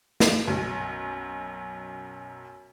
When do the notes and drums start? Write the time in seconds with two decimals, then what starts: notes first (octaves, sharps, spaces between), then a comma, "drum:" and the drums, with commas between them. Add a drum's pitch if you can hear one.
0.20 drum: snare
0.48 B1 F#2